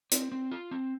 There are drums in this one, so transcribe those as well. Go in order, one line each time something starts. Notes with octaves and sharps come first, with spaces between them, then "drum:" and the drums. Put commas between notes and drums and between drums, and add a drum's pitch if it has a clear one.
C4, drum: hi-hat
C4
F4
C4